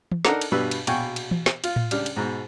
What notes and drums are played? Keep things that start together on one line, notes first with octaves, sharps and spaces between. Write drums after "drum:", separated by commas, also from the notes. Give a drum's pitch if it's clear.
drum: tom E3
D4 D#4 A4 A#4 F#5 A#5, drum: snare
drum: cymbal
G2 B2 G3 B4 E6
drum: cymbal
A#1 B2 F#4 G5 G#5 C#6, drum: cymbal
drum: cymbal
drum: tom E3
drum: snare
F4, drum: cymbal
drum: tom A2
C#2 G3 D4 F6, drum: cymbal
drum: cymbal
G#2 B2